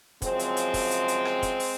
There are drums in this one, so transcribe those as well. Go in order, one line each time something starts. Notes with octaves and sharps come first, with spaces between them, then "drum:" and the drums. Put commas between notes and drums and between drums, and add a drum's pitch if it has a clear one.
F#2 C#3 F3 G#3 C4, drum: kick, hi-hat
drum: hi-hat
drum: hi-hat
drum: kick, open hi-hat
drum: hi-hat
drum: hi-hat
drum: rim click
drum: kick, hi-hat
drum: open hi-hat